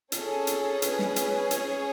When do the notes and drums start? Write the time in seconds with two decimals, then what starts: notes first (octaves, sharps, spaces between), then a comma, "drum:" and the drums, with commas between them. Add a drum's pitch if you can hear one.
0.12 C#4 G#4 A4, drum: hi-hat
0.47 drum: hi-hat
0.82 B4, drum: hi-hat
0.99 drum: snare
1.16 drum: hi-hat
1.51 C#5, drum: hi-hat